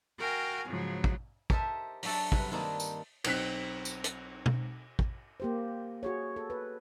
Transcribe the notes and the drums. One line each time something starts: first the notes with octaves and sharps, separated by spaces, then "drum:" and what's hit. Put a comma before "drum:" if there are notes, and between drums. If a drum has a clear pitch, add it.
F#4 A#4 F5 G5 G#5
G#2 C#3 F3 F#3
drum: kick
G4 A4 A#4 C5 D#5 E5, drum: kick
F#3 D4 F#4 A4 E5, drum: open hi-hat
G2 C3 F#3 B4, drum: kick
D#3 A#3 C4 D4 D#4
drum: tambourine
B1 C4 F#6 B6, drum: cymbal
drum: tambourine
drum: hi-hat
drum: tom
drum: kick
A#3 G4 C5
F#4 G#4 C#5
A4
B4